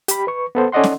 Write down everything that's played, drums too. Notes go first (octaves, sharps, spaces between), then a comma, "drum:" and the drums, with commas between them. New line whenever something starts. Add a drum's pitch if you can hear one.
G4 B5, drum: hi-hat
B4 C#6
B3 A4 C5
C#4 A4 D5 D#5 F#5 C6
drum: snare